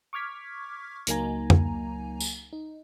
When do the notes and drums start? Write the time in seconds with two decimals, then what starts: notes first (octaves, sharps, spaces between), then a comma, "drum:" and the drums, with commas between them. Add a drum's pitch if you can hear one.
0.13 C#6 D6 F6 G#6 B6
1.07 C#2 F#3 A#3 D#4 G#5 A#5, drum: hi-hat
1.50 drum: tom F2
2.20 drum: tambourine
2.53 D#4